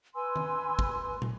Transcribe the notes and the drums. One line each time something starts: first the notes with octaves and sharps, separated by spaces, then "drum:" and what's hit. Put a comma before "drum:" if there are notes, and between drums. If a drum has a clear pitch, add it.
B4 G#5 C6 E6
drum: tom D#3
drum: kick
drum: tom